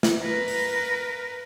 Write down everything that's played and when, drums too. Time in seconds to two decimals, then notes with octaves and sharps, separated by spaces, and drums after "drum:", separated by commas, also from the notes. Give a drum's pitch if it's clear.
0.03 drum: snare
0.24 A#4 B4
0.48 drum: open hi-hat